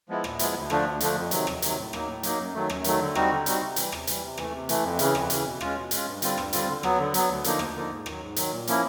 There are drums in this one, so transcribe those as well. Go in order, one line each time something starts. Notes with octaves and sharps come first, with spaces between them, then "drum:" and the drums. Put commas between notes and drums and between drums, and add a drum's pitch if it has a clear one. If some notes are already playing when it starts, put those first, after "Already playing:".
F3 G#3 B3 E4
A#2, drum: rim click
F3 G#3 B3 E4, drum: hi-hat
D2
D3 F3 A3 D4, drum: rim click
D2
D3 F3 A3 D4, drum: hi-hat
F2
C3 D#3 F#3, drum: hi-hat
F2, drum: rim click
C3 D#3 F#3, drum: hi-hat
A2
F#3 A#3 D#4, drum: rim click
A2
F#3 A#3 D#4, drum: hi-hat
F#2
D#3 F#3 A3
F#2, drum: rim click
D#3 F#3 A3, drum: hi-hat
D3
G3 C4 D#4 F#4, drum: rim click
D3
G3 C4 D#4 F#4, drum: hi-hat
C3
E3 G3, drum: hi-hat
C3, drum: rim click
E3 G3, drum: hi-hat
C3
E3 A3, drum: rim click
C3
E3 A3, drum: hi-hat
F2
C#3 E3, drum: hi-hat
F2, drum: rim click
C#3 E3, drum: hi-hat
B2
G#3 C#4 F4, drum: rim click
B2
G#3 C#4 F4, drum: hi-hat
G2
D3 G3 C4 F4, drum: hi-hat
G2, drum: rim click
D3 G3 C4 F4, drum: hi-hat
D3
F#3 B3, drum: rim click
D3
F#3 B3, drum: hi-hat
D2
D3 F3 A#3 D#4, drum: hi-hat
D2, drum: rim click
D3 F3 A#3 D#4
G#2
D#3 F#3, drum: rim click
G#2
D#3 F#3, drum: hi-hat
A#2
F3 A#3 C#4 E4, drum: hi-hat